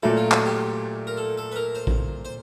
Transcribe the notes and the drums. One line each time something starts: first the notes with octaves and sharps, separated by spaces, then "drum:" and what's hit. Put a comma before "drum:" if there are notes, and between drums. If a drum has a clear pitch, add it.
A#2 F#3 A3 A4
F4
F#4, drum: clap
G4
A#4
A4
A4
B4
A#4
C5
drum: kick A#1
C5